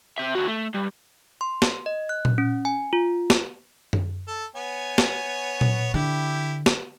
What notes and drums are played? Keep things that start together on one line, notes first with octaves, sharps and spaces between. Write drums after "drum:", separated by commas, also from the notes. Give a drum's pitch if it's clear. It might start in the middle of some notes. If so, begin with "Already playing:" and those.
C4 E5
D#2 F#4
A3
G2
C6
drum: snare
D#5
F#6
drum: tom A#2
C#4
G#5
F4
drum: snare
drum: tom F#2
A4
B3 C#5 G#5
drum: snare
drum: tom A#2
D3 E4 G4
drum: snare